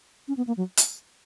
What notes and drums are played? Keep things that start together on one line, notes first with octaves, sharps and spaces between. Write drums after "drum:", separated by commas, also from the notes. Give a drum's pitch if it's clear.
C#4
B3
A#3
F#3
drum: hi-hat